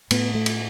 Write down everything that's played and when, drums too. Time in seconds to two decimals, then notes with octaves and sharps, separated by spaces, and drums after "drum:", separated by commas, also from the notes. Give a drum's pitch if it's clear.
0.11 A2 B3, drum: cymbal
0.35 A3
0.46 drum: cymbal